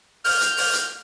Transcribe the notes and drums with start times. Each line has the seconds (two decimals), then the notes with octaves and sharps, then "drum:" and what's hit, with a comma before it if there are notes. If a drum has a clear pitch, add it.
0.24 F6 G6, drum: open hi-hat
0.41 drum: hi-hat
0.57 drum: open hi-hat
0.73 drum: hi-hat